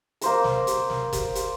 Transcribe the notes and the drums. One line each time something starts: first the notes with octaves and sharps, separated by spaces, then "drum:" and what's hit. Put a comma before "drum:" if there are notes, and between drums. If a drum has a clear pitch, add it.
A#3 C5 A#5, drum: hi-hat
drum: snare
drum: hi-hat
drum: snare
drum: kick F#1, hi-hat
drum: hi-hat